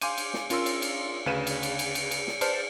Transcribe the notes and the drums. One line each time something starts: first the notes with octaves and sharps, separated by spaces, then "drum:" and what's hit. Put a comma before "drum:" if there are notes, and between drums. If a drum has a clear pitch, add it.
F5 G#5 C6 D6 G6 D#7, drum: cymbal
drum: cymbal
drum: snare
C#4 F4 A#4 C6 E6, drum: cymbal
drum: cymbal
drum: cymbal
D2 C#3 B4 F5 D#7 E7
drum: cymbal
drum: cymbal
drum: cymbal
drum: cymbal
drum: cymbal
drum: snare
B4 C5 D5 A5 F6, drum: cymbal